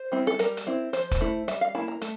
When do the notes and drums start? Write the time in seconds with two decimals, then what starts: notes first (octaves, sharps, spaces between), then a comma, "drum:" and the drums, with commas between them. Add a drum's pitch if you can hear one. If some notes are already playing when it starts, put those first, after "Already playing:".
Already playing: C5
0.12 G3 C4 E4
0.27 A4
0.39 G3 A#4, drum: hi-hat
0.57 drum: hi-hat
0.67 C4 E4
0.93 F3 C5, drum: hi-hat
1.11 drum: kick, hi-hat
1.21 A3 E4
1.48 G3 E5, drum: hi-hat
1.61 F5
1.75 A#3 E4 A5
1.88 A#5
2.01 A3, drum: hi-hat